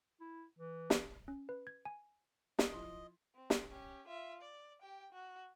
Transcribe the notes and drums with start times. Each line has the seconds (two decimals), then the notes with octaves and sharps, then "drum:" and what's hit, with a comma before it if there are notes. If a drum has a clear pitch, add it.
0.21 E4
0.59 E3
0.90 drum: snare
1.28 C#4
1.49 B4
1.67 G#6
1.85 G#5
2.59 D#5, drum: snare
2.73 F3 E4 C6
3.35 C4
3.50 drum: snare
3.70 C#4 G4
4.08 F4 E5
4.42 D5
4.82 G4 G5
5.12 F#4